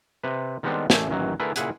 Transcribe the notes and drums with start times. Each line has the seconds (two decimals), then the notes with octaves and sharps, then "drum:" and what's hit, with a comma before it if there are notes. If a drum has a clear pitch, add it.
0.23 C3 B4
0.63 D#3 G3 G#3 B3 C4 D4
0.90 A1 A3 G#4 D5 G#5, drum: snare
1.08 A1 F#2 A#2 D#3 E3 F#3
1.40 D3 A3 E4 G#4 A#4 B4
1.56 A#2 C#3 E4 G#4 F#5 G#5, drum: hi-hat